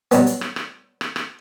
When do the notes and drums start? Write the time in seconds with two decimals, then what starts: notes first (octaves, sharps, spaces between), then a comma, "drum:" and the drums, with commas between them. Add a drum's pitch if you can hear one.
0.11 F#3 G3 B3, drum: hi-hat
0.26 drum: hi-hat
0.41 drum: rim click
0.56 drum: rim click
1.01 drum: rim click
1.16 drum: rim click